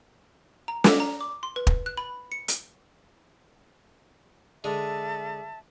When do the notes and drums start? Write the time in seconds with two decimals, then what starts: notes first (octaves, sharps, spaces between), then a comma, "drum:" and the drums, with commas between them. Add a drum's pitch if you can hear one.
0.68 A#5
0.84 D6, drum: snare
1.00 A#5
1.21 D6
1.43 C6
1.56 B4
1.67 drum: kick
1.86 F#6
1.97 B5
2.32 C#7
2.48 drum: hi-hat
4.64 D3 G#3 E5 A5